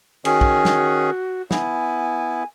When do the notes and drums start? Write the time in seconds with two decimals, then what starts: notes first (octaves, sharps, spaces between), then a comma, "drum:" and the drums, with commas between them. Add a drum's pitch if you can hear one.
0.25 D#3 C#4 F#4 G#4, drum: cymbal
0.41 drum: kick
0.65 drum: snare
1.51 B3 E4 G#5, drum: snare